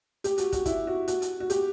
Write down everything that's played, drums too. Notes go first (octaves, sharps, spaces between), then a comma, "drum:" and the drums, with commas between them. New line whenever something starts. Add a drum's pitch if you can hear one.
G4, drum: hi-hat
F#4, drum: hi-hat
F#4, drum: kick, hi-hat
E4, drum: kick, hi-hat
F#4
F#4, drum: hi-hat
drum: hi-hat
F#4
G4, drum: hi-hat